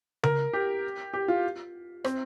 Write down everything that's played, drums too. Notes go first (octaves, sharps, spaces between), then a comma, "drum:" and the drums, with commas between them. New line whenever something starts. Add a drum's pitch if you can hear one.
A#4, drum: tom C#3
G4
G4
F4
C4, drum: rim click